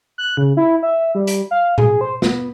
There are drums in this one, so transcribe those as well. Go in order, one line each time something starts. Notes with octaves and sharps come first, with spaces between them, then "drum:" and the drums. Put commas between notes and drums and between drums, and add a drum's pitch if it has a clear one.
F#6
C#3
E4
E5
G3
drum: hi-hat
F5
G#4, drum: tom A2
C5
B3, drum: snare